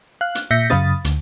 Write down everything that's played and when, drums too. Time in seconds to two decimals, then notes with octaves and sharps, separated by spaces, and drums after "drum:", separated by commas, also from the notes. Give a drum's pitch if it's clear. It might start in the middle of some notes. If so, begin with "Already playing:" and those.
0.21 F5 F#6
0.35 drum: hi-hat
0.51 A#2 E5 G6 A#6 B6 C#7
0.70 F#2 C#3 F5 B5 D#6 A6, drum: snare
1.04 D2, drum: hi-hat